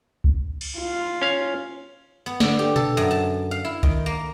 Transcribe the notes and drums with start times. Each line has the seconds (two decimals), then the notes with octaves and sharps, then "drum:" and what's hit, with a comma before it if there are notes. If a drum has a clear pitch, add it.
0.24 drum: kick C2
0.61 drum: cymbal
0.79 F4
1.22 C#4 F5
2.26 B3
2.40 D3, drum: snare
2.59 G4
2.76 A4, drum: tom A#2
2.97 F#2
3.11 A5
3.51 F5
3.65 E4
3.83 D#3, drum: kick C2
4.06 A#3